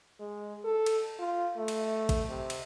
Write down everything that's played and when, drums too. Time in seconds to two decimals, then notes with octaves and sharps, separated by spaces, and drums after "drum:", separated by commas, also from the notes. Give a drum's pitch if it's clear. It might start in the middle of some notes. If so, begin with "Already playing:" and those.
0.20 G#3
0.64 A4
0.86 drum: cymbal
1.19 F4
1.57 A3
1.68 drum: cymbal
2.09 drum: kick, cymbal
2.29 C3
2.50 drum: cymbal